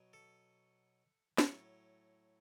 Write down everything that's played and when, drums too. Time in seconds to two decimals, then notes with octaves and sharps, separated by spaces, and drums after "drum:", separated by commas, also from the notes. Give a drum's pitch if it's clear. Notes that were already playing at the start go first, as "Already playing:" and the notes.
Already playing: B2 F#3
0.13 A4
1.38 A2 F#3 A4, drum: snare